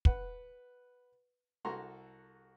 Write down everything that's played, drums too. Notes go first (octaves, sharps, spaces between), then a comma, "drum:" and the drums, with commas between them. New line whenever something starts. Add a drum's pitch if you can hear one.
B4 F#5, drum: kick
C2 F#4 A4 A#5 C6 C#6